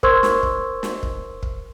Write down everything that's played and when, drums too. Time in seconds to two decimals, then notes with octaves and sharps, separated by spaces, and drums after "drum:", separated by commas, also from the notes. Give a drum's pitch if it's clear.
0.03 A#4 C5 C6 C#6 E6 G#6, drum: kick
0.23 drum: snare
0.43 drum: kick
0.83 drum: snare
1.03 drum: kick
1.43 drum: kick